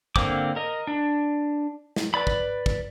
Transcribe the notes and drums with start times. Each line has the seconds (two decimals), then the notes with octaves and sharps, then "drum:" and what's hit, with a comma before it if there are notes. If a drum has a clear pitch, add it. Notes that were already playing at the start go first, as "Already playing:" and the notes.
0.16 D3 A#3 C4 D6, drum: kick
0.56 A#4 D#5
0.87 D4
1.96 drum: snare
2.14 B4 D5 B5
2.27 drum: kick
2.66 drum: kick